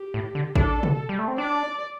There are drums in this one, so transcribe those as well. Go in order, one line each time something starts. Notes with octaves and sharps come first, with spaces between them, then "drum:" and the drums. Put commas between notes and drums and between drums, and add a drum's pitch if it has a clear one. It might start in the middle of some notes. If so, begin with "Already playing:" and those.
Already playing: G4
A2
D3
D4 A4, drum: kick A1
drum: tom
G3
A3
C4
D4 D5